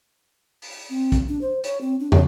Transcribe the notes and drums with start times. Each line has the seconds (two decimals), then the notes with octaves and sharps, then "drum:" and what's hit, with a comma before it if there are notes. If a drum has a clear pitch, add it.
0.62 drum: open hi-hat
0.90 C4
1.12 drum: kick, hi-hat
1.28 D4
1.41 C5
1.64 C#5, drum: hi-hat
1.81 C4
2.00 D4
2.12 C#5, drum: tom